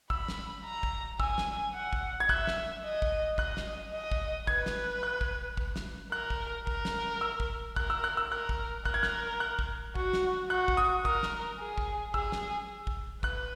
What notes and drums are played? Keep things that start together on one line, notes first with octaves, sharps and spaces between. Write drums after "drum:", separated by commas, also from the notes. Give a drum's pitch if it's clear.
B5 E6, drum: kick
drum: snare
A#5
drum: kick
G#5 E6, drum: kick
drum: snare
F#5
drum: kick
G#6
E5 F#6, drum: kick
drum: snare
D#5
drum: kick
D#5 F#6, drum: kick
drum: snare
D#5
drum: kick
B4 G#6, drum: kick
drum: snare
F#6
drum: kick
drum: kick
drum: snare
A#4 F#6
drum: kick
A#4, drum: kick
drum: snare
E6
drum: kick
A#4 F#6, drum: kick
E6
F#6
E6
A#4 F#6
drum: kick
A#4 F#6, drum: kick
G#6
F#6, drum: snare
F#6
drum: kick
F#4, drum: kick
drum: snare
F#4 F#6
drum: kick
D#6
A#4 D#6, drum: kick
drum: snare
G#4
drum: kick
G#4 E6, drum: kick
drum: snare
drum: kick
B4 F#6, drum: kick